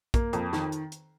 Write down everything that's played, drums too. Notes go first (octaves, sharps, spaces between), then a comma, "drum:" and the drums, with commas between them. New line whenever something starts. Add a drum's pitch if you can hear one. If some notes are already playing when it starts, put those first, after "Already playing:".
A#3, drum: kick, hi-hat
F2, drum: hi-hat
D#3, drum: snare
drum: hi-hat
drum: hi-hat